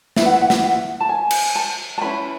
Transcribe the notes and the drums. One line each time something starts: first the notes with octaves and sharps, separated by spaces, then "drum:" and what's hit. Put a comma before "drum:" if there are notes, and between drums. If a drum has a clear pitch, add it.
E4 B4 E5, drum: snare
F#5
E5
F#5
E5, drum: snare
F#5
A5
G#5
drum: cymbal
A5
A5
C#4 E4 B4 B5